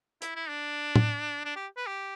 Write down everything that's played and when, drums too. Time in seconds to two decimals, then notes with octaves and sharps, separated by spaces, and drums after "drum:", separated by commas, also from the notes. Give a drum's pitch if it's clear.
0.22 E4, drum: hi-hat
0.36 E4
0.49 D4
0.96 drum: tom A2
1.45 D4
1.56 G4
1.77 B4
1.87 G4